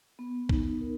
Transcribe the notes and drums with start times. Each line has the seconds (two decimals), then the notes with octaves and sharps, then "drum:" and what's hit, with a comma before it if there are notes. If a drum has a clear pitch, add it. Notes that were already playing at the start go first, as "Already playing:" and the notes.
0.19 B3
0.49 D#4, drum: kick
0.81 A#4